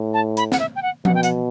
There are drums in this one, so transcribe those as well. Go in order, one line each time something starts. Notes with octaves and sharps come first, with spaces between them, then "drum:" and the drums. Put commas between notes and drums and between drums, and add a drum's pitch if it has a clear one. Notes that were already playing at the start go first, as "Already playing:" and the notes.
Already playing: A2
A5
B5, drum: hi-hat
F#5, drum: snare
E5
G5
F#5
B2 F#5, drum: tom F3
G5
F#5, drum: hi-hat